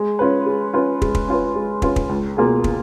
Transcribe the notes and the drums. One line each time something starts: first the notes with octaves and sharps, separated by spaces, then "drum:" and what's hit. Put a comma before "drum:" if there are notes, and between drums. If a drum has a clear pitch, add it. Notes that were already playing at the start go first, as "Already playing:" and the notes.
Already playing: G#3
C#4 F4 B4
G#3
C#4 F4 B4
G#3, drum: kick
drum: kick
C#4 F4 B4
G#3
C#4 F4 B4, drum: kick
drum: kick
C#2
B2 A#3 F4 G#4
drum: kick